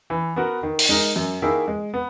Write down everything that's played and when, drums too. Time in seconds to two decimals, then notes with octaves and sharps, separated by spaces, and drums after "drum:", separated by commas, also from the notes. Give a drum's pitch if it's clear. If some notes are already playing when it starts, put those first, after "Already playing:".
0.10 E3
0.36 B3 F#4 A#4
0.63 D#3
0.79 drum: open hi-hat
0.89 G#3 D#4 A#4
1.16 F#2
1.42 D#3 A#3 E4 G#4
1.68 G#3
1.94 B3